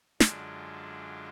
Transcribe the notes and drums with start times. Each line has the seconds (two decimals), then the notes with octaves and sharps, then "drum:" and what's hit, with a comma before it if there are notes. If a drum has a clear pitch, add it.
0.20 F#2 D3 G#3 D4 F4, drum: snare